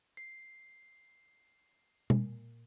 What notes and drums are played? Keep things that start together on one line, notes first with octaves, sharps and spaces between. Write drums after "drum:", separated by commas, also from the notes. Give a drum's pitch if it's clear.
C7
A#2, drum: tom B2